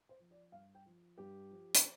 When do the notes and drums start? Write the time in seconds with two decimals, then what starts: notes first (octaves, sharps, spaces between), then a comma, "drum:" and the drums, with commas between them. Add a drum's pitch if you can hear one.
0.09 C5
0.20 F3
0.31 D5
0.52 G2 F5
0.75 G5
0.86 F3
1.18 G2 G4
1.51 F3
1.75 drum: hi-hat